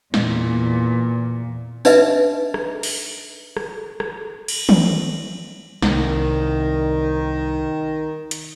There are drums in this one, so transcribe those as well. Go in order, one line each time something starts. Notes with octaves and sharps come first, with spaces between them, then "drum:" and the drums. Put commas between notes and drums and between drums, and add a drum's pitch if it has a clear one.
E2 A#2, drum: snare
D4 D#4 B4 D#5 E5, drum: tambourine
drum: rim click
drum: open hi-hat
drum: rim click
drum: rim click
drum: cymbal
drum: tom
C2 D#3, drum: snare
drum: hi-hat